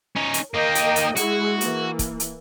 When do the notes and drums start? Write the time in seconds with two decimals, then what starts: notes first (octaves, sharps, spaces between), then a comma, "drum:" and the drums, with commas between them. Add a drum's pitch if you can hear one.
0.16 C#4 D#4
0.34 drum: hi-hat
0.54 A#3 D#4 A#4 D#5 G5
0.75 drum: hi-hat
0.96 drum: hi-hat
1.16 G#3 E4 F#4 G#4, drum: hi-hat
1.61 E3 A#3, drum: hi-hat
1.99 drum: kick, hi-hat
2.20 drum: hi-hat